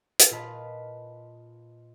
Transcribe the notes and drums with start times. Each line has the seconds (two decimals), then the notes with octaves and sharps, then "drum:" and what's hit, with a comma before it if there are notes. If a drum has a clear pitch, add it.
0.20 drum: hi-hat
0.30 A#2 F4 B4 D#5 A5